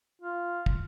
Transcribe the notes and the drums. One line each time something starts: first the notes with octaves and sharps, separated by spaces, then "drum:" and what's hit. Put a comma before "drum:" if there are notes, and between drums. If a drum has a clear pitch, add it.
F4
drum: kick